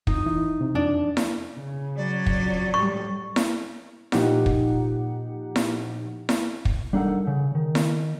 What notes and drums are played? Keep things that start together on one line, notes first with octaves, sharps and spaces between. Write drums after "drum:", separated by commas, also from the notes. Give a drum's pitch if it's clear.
F2 D#4, drum: kick
E3 E4
C3
F2 D4
drum: snare E4
C#3
F#3 C#4 D5
drum: kick
F2
A2 G3 C#6
drum: snare E4
A#2 F3 D#4 G4 F#5, drum: snare E4
drum: kick
drum: snare E4
drum: snare E4
drum: kick
G3 D4 D#4 A4 A#4 F#5
C#3
D#3
drum: snare E4